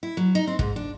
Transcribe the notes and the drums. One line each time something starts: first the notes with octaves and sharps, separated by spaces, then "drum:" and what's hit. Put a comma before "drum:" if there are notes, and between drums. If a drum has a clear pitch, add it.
E4
F#3
D#4
C4
G#2, drum: kick
D4